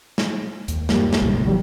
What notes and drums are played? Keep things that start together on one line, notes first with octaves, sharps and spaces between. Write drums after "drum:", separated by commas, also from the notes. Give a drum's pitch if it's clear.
drum: snare
D#2, drum: hi-hat
G2 F3 G3 A#3, drum: snare
drum: snare
G1 C#2 B2
D#3 F#3 G3